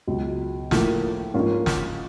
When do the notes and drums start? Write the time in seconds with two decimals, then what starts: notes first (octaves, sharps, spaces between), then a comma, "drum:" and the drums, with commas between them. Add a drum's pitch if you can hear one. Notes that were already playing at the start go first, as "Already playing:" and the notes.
0.07 C#2 B2 F#3
0.71 A2 F3 A#3, drum: snare
1.34 G#2 F3 A#3 C#4 F4
1.66 drum: snare